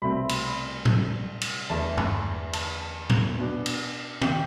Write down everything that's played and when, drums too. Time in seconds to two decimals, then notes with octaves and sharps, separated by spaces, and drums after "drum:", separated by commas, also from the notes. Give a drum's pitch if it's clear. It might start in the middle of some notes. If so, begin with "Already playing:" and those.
0.02 C2 B2 A3 C4 B5
0.29 drum: cymbal
0.85 drum: tom A2
1.41 drum: cymbal
1.70 E2 D3 A3 D4 A5
1.98 drum: tom F#2
2.53 A5, drum: cymbal
3.10 drum: tom A2
3.38 B2 B3 D4
3.66 drum: cymbal
4.22 G5, drum: tom D#3